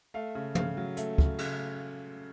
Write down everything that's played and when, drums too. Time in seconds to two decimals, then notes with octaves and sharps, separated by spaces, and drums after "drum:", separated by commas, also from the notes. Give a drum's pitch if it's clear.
0.14 A3 F5
0.35 C#3
0.55 C#3 F5, drum: tom
0.77 F#3
0.97 A3, drum: hi-hat
1.18 C#3, drum: kick
1.38 C#3, drum: cymbal